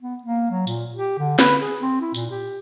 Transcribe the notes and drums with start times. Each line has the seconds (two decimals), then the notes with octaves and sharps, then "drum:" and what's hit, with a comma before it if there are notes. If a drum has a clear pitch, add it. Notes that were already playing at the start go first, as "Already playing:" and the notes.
0.02 B3
0.23 A#3
0.51 F#3
0.67 A#2, drum: tambourine
0.95 G4
1.19 D3
1.39 B4, drum: snare
1.61 G#4
1.81 C4
2.01 E4
2.14 A#2, drum: tambourine
2.30 G4